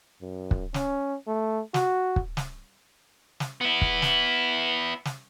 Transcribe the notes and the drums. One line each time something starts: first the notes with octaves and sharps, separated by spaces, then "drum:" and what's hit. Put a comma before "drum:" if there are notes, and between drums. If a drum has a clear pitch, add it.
F#2
drum: kick
C#4, drum: snare
A3
F#4, drum: snare
drum: kick
drum: snare
drum: snare
B3 E4
drum: kick
drum: snare
drum: snare